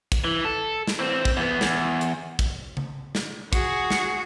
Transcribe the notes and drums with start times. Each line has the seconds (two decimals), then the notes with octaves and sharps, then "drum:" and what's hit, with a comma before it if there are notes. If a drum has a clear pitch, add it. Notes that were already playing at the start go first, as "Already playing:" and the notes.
0.12 drum: kick, hi-hat
0.24 E3
0.45 A4
0.87 drum: snare
0.99 E3 C4
1.25 drum: kick
1.37 E2 B3
1.61 E2, drum: snare
2.01 drum: hi-hat
2.39 drum: kick, hi-hat
2.77 drum: tom C#3
3.15 drum: snare
3.53 F#4 G#4, drum: kick, hi-hat
3.90 drum: snare